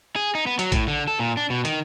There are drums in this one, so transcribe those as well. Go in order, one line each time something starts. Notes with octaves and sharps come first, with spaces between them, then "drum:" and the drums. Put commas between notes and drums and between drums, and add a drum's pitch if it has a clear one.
G#4
D#4
B3
F#3, drum: hi-hat
A2, drum: kick A#1, hi-hat
D3
A4
A#2
D4
B2
D#3, drum: hi-hat